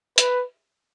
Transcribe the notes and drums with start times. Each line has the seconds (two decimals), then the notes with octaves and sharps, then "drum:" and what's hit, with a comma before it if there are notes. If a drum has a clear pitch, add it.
0.18 B4, drum: hi-hat